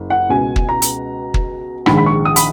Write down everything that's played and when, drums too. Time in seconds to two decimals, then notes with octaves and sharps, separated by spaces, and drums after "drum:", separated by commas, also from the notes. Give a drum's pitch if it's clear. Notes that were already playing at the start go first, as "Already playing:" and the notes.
Already playing: F#1
0.10 F#5
0.29 C#2 B2 G#5
0.56 drum: kick
0.69 A#5
0.82 drum: hi-hat
1.34 drum: kick
1.86 A#1 G#2 D#3 B5, drum: rim click
1.98 B5
2.06 C#6
2.25 D#6
2.36 B5, drum: hi-hat